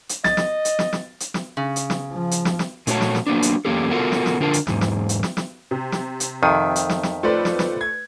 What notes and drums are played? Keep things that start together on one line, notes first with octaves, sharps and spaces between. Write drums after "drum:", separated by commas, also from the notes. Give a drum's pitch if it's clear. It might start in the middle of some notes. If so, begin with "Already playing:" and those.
drum: hi-hat
D#5 A6, drum: snare
drum: snare
drum: hi-hat
drum: snare
drum: snare
drum: hi-hat
drum: snare
C#3
drum: hi-hat
drum: snare
F3
drum: hi-hat
drum: snare
drum: snare
A#2 A3 D#4 F#4 C#5 A5, drum: hi-hat
drum: snare
drum: snare
F#3 A#3 B3 D4
drum: hi-hat
E2 F3 A#3 C#4 G4 A4
B3 F4 F#4 A4 A#4
drum: snare
drum: snare
D3 D4 F4 A#4 C#5 A5
drum: hi-hat
E2 G#2, drum: snare
drum: snare
drum: hi-hat
drum: snare
drum: snare
C3
drum: snare
drum: hi-hat
F2 D#3 E5 D#6 D#7
drum: hi-hat
drum: snare
drum: snare
A3 F4 B4 C5 D5
drum: snare
drum: snare
G#6